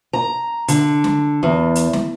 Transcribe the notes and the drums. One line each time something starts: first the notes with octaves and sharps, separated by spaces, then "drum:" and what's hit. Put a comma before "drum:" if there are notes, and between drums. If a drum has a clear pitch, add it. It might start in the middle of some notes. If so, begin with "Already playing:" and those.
A#5
D3, drum: hi-hat
drum: snare
E2
drum: hi-hat
drum: snare